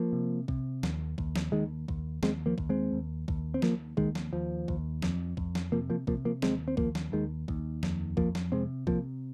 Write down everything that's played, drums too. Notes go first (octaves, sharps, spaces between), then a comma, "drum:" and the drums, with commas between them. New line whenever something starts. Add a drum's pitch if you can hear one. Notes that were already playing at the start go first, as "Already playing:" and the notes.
Already playing: F3 A#3
C3
C3, drum: kick B1
D#2, drum: snare
D#2, drum: kick B1
drum: snare
D#2 D#3 G#3
D#2, drum: kick B1
D#2 G#3 C4, drum: snare
F3 A#3
D#2, drum: kick B1
G#3 C4
D#2
D#2, drum: kick B1
C4
D#2 F3 A#3, drum: snare
D#2 D#3 G#3, drum: kick B1
drum: snare
D#2 F3
D#2, drum: kick B1
F2, drum: snare
F2, drum: kick B1
drum: snare
C3 F3 A#3
F3 A#3
C3 F3 A#3, drum: kick B1
F3 A#3
D#2 G#3 C4, drum: snare
C4
D#2 F3 A#3, drum: kick B1
drum: snare
D#2 D#3 G#3
D#2, drum: kick B1
F2, drum: snare
F2 F3 A#3, drum: kick B1
drum: snare
C3 G#3 C4
C3 F3 A#3, drum: kick B1